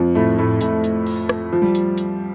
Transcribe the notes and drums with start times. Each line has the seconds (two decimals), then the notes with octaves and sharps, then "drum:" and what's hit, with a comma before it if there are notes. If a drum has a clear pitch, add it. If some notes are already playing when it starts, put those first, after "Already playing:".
Already playing: F2 F3
0.15 A2 A3
0.38 A2 A3
0.61 A2 A3, drum: hi-hat
0.84 drum: hi-hat
1.07 drum: open hi-hat
1.29 drum: rim click
1.53 F3
1.62 G3
1.75 drum: hi-hat
1.98 drum: hi-hat